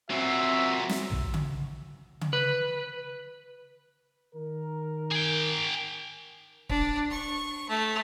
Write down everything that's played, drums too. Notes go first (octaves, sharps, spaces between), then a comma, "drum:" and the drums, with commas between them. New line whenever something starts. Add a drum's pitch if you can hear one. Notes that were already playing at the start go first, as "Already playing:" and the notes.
A#2 F#3 C4 F#4 E5
drum: snare
drum: tom B1
drum: tom C#3
drum: tom C#3
B4
D#3 A#4
G#4 G5
D4, drum: kick
C#6
A3